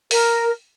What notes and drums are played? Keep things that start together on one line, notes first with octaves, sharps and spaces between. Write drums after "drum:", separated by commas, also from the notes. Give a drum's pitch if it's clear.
A#4, drum: open hi-hat